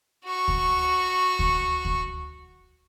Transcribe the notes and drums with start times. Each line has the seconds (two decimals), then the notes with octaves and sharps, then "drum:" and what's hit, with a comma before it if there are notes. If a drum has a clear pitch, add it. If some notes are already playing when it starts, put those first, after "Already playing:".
0.25 F#4 C#6
0.48 drum: kick D2
1.39 drum: kick D2
1.85 drum: kick D2